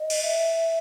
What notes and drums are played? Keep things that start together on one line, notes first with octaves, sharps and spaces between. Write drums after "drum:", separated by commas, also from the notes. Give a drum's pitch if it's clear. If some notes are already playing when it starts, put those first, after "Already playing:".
Already playing: D#5
drum: cymbal
E5